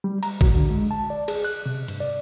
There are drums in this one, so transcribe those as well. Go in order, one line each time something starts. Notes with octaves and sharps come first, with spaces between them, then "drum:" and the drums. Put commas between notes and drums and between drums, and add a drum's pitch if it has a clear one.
G3
A#5, drum: cymbal
F#4, drum: kick, cymbal
D3
G#3
A5
D5
G#4, drum: cymbal
F#6
C3
G2, drum: cymbal
D5